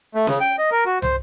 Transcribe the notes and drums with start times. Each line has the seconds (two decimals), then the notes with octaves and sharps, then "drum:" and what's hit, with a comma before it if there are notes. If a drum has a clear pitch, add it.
0.15 A3
0.27 C#3, drum: snare C#4
0.41 G5
0.59 D#5
0.71 A#4
0.86 F#4
1.02 C5, drum: tom